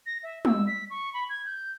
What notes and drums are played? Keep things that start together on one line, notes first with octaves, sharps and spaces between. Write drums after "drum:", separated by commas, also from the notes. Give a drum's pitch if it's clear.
A#6
E5
E6, drum: tom
B6
C#6
B5
G#6
G6